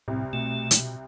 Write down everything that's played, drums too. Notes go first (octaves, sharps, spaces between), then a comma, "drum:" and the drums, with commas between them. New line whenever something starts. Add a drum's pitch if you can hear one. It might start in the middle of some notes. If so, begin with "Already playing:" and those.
C2 A2
B2 A3
drum: hi-hat